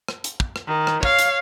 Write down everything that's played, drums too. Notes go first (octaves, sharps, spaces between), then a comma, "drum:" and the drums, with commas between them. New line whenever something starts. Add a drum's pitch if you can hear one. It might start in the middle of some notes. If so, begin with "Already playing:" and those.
drum: rim click
drum: hi-hat
drum: kick
drum: rim click
D#3
drum: rim click
C#5 F5, drum: kick
drum: hi-hat